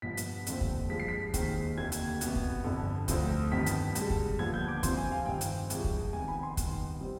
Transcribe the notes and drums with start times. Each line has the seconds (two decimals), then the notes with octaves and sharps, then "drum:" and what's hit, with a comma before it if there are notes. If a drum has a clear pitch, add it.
0.02 G1 G2 F3 B3 B6
0.17 drum: hi-hat
0.47 F1 D#2 D3 F3 C4, drum: hi-hat
0.61 drum: kick
0.89 G2 F3 G#3 B6
1.00 C7
1.08 B6
1.34 D#2 D#3 G#3 C4, drum: kick, hi-hat
1.77 F1 D#2 D3 G#6
1.92 drum: hi-hat
2.21 C2 B2 B3, drum: hi-hat
2.35 drum: kick
2.64 G1 F2 D3
3.08 D2 D3 F3 C4, drum: kick, hi-hat
3.52 G1 F2 D#3 G3 B3 B6
3.66 drum: hi-hat
3.95 G2 D3 G#3, drum: hi-hat
4.10 drum: kick
4.39 D#2 D3 F3 B3 G#6
4.54 G6
4.68 D6
4.83 C2 C3 F3 C4 C6, drum: kick, hi-hat
4.97 G#5
5.12 F5
5.26 G1 F2 D#3 G3 C4 G5
5.41 drum: hi-hat
5.70 C2 C3 F3 G#3, drum: hi-hat
5.84 drum: kick
6.13 F2 D#3 B3 G#5
6.28 B5
6.43 C6
6.57 G2 D#3 B3, drum: kick, hi-hat
7.01 C3 G3 C4